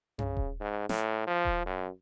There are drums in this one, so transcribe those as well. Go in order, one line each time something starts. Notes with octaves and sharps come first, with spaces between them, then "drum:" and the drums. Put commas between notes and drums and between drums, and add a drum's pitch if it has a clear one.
C#3, drum: tom F#2
drum: kick D#1
G#2
A2, drum: snare
F3
drum: kick D#1
F#2